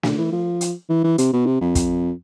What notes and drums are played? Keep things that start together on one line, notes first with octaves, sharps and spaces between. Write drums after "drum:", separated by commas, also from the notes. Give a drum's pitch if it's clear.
D3, drum: snare
E3
F3
drum: hi-hat
E3
E3
C3, drum: hi-hat
B2
C3
F2
drum: kick, hi-hat